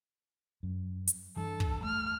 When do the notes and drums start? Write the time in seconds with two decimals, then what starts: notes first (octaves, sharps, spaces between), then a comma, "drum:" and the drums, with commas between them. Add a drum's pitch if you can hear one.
0.63 F#2
1.07 drum: hi-hat
1.36 G2 E3 A4
1.60 drum: kick
1.84 A3 F6